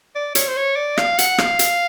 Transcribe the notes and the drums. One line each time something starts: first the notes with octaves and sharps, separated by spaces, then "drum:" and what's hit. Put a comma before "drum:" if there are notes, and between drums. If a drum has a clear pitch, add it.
D5
C#5, drum: hi-hat
C5
C#5
D5
F5, drum: rim click
F#5, drum: hi-hat
F5, drum: rim click
drum: hi-hat